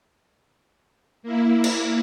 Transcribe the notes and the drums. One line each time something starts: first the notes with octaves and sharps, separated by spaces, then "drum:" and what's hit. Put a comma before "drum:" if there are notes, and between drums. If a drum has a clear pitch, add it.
A#3 E4
drum: cymbal